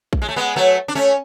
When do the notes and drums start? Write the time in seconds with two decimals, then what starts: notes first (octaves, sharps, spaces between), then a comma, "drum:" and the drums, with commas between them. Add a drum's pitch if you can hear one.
0.13 drum: kick A#1
0.22 G#3
0.28 A3
0.36 G#3 B3
0.56 F#3 A3
0.88 D4
0.95 A3 C#4